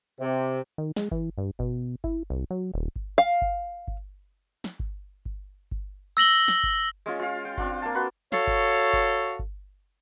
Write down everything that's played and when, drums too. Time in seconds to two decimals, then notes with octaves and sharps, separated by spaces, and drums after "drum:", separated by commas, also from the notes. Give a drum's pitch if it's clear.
0.19 C3
0.78 D#3
0.96 G#3, drum: snare
1.11 E3, drum: kick G1
1.38 G2
1.59 B2, drum: kick G1
2.04 E4, drum: kick G1
2.30 C2
2.50 F#3
2.74 D#1
2.96 drum: kick G1
3.18 F5
3.42 drum: kick G1
3.88 drum: kick G1
4.64 drum: snare
4.80 drum: kick G1
5.26 drum: kick G1
5.71 drum: kick G1
6.17 E6 A#6 F#7 G7
6.48 drum: snare
6.63 drum: kick G1
7.06 G#3 C#4 F4
7.19 F4 F5
7.45 G5
7.58 C4 D4 F4, drum: kick G1
7.82 A#3 A5
7.95 F#4 B4 C6
8.32 F#4 A4 C#5 F5, drum: snare
8.47 drum: kick G1
8.93 drum: kick G1
9.39 drum: kick G1